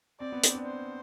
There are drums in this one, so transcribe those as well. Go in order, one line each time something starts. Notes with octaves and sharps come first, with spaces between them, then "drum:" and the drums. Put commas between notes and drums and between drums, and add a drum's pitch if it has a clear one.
C4 D5
B3
C4, drum: hi-hat
D4
C5